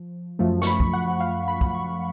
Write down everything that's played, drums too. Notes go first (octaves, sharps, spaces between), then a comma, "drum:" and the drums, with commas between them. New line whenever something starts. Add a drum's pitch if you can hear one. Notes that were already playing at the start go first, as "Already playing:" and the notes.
Already playing: F3
F#2 F3 A3
C#6, drum: snare
B5
drum: kick
F#5
F5
B5
drum: kick
C#6